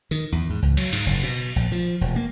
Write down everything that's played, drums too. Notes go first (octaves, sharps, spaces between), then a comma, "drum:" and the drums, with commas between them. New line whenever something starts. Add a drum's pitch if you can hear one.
D#3, drum: tambourine
E2
G#2
C#2
F#3, drum: cymbal
G#2, drum: cymbal
F#1
B2
A#1
F3
E1
A#3